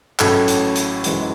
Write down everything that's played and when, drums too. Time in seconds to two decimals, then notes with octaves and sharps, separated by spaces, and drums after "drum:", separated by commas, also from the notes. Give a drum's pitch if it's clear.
0.19 A1 A2 F#3 A3 C#4 A4 C#5, drum: clap
0.48 drum: hi-hat
0.76 drum: hi-hat
1.04 G#1 F#2 E3 G#3, drum: hi-hat